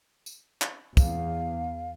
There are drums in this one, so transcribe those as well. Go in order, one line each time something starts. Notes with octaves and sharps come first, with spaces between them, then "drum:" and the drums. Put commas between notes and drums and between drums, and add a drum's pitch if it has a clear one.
drum: tambourine
drum: clap
E2 F5, drum: kick, tambourine